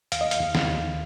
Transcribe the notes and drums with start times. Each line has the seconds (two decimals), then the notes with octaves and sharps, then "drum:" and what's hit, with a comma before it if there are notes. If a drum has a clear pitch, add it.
0.12 D#2 F5, drum: hi-hat
0.21 D#5
0.31 F5, drum: hi-hat
0.40 D#2
0.55 drum: snare
0.68 D#2